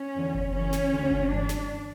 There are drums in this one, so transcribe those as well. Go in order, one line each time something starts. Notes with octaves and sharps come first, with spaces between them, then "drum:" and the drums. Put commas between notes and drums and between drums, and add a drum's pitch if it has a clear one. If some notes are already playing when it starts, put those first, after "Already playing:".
Already playing: C#4
E2 D3
drum: kick F#1
F#2 C#3 E3 C#4
drum: snare
D2 D3
drum: kick F#1
G2 E3 D4
drum: snare